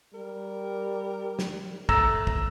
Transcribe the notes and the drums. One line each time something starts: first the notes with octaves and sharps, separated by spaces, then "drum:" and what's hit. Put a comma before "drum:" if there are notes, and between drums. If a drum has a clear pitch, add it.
G3 A#4
drum: snare
A3 A#5 E6 A#6 E7, drum: kick
drum: kick